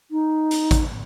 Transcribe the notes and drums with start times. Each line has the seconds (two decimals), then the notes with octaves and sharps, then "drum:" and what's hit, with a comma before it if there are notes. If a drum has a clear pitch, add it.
0.11 D#4
0.51 drum: hi-hat
0.71 drum: kick A1, hi-hat